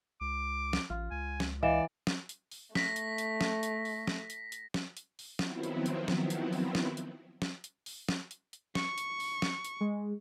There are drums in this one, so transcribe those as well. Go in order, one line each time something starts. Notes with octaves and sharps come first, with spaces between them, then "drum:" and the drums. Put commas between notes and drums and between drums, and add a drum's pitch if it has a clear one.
C#2 D6
drum: snare
A1 F4
C#2 G#5
drum: snare
E3 D5 D#5 F5 E7
drum: snare
drum: hi-hat
drum: open hi-hat
A3 A#6 B6, drum: snare
drum: hi-hat
drum: hi-hat
drum: snare
drum: hi-hat
drum: open hi-hat
drum: snare
drum: hi-hat
drum: hi-hat
drum: snare
drum: hi-hat
drum: open hi-hat
D#3 F3 F#3 B3 C4 E4, drum: snare
drum: hi-hat
drum: hi-hat
drum: snare
drum: hi-hat
drum: open hi-hat
drum: snare
drum: hi-hat
drum: snare
drum: hi-hat
drum: open hi-hat
drum: snare
drum: hi-hat
drum: hi-hat
C#6, drum: snare
drum: hi-hat
drum: open hi-hat
drum: snare
drum: hi-hat
G#3